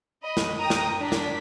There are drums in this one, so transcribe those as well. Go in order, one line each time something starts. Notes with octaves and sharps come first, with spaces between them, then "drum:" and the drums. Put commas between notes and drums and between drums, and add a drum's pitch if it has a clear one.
D#5 B5
drum: snare
G5 A#5 D#6
drum: snare
D4 B6
drum: snare